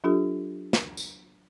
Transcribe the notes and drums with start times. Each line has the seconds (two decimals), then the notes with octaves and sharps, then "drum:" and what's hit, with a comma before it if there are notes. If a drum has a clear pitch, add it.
0.04 F#3 D4 F4 G4 A4
0.73 drum: snare
0.97 drum: tambourine